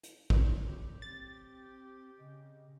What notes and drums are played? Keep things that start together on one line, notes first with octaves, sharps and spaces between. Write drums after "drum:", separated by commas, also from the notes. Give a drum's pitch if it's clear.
drum: hi-hat
C#5, drum: kick
G4
C4 A6
C#3 D#5